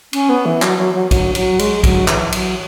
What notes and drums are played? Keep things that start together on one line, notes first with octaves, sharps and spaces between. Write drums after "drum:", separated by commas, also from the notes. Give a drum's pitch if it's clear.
C#4, drum: cymbal
B3
E3
F#3, drum: clap
F#3
F#3
F#3, drum: kick A#1, cymbal
F#3, drum: cymbal
G#3, drum: cymbal
F#3, drum: kick A#1, cymbal
E3, drum: clap
F#3, drum: cymbal